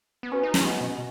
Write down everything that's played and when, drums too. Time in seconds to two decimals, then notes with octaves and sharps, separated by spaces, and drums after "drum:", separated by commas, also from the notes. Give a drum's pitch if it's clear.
0.23 B3
0.32 C#4 F#4 B4 G#5
0.43 D#4
0.54 C#4, drum: snare
0.64 B3 F#4 D#5 G#5
0.81 B2